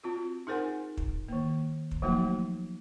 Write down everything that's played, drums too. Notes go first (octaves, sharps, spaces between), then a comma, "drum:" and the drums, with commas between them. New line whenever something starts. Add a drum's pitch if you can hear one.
C4 F4 F#4
D#4 G#4 A#4 C5 F#5 G#5
drum: kick
D#3 A#3
drum: kick
F3 F#3 A3 A#3 D#4 F#4